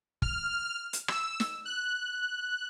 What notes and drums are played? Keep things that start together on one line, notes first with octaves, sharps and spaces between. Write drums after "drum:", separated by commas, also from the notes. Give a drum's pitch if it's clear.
F6, drum: kick
drum: hi-hat
E6, drum: rim click
drum: snare
F#6